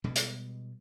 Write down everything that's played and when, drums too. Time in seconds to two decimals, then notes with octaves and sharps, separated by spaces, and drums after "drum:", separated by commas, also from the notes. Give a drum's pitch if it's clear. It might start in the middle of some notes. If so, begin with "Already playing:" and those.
0.04 B2 G3 G#3 B3
0.16 drum: hi-hat